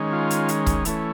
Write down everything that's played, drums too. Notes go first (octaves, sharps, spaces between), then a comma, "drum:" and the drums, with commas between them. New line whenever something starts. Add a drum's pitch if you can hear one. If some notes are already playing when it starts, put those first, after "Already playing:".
Already playing: D#3 G#3 C#4
F4
drum: hi-hat
drum: hi-hat
drum: kick, hi-hat
E3 A3 C#4, drum: hi-hat